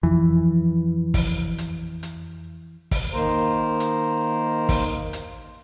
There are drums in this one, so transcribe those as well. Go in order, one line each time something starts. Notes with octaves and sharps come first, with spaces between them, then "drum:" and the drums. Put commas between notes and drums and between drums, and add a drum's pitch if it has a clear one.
F2 E3 F3
drum: kick, open hi-hat
drum: hi-hat
drum: hi-hat
drum: kick, open hi-hat
D#3 A#3 C5 A#5
drum: hi-hat
drum: kick, open hi-hat
drum: hi-hat